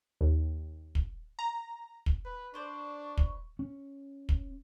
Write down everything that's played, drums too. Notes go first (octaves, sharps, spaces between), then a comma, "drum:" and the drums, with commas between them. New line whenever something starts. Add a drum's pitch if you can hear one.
D#2
drum: kick
A#5
drum: kick
B4
D4 B4 C5 D5 C#6
drum: kick
C#4
drum: kick